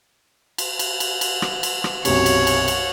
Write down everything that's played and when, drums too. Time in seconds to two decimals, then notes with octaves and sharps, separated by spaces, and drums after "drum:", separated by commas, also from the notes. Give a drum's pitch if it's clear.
0.58 drum: cymbal
0.79 drum: cymbal
1.00 drum: cymbal
1.21 drum: cymbal
1.42 drum: rim click
1.63 drum: cymbal
1.84 drum: rim click
2.05 B1 F#2 C3 C#5, drum: cymbal
2.26 drum: cymbal
2.47 drum: cymbal
2.68 drum: cymbal